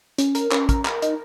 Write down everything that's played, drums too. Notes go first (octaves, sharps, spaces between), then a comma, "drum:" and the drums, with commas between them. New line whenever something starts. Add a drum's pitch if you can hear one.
C#4, drum: hi-hat
A#4, drum: hi-hat
C#4, drum: clap
A#4, drum: kick, hi-hat
A#4, drum: clap
D#4, drum: hi-hat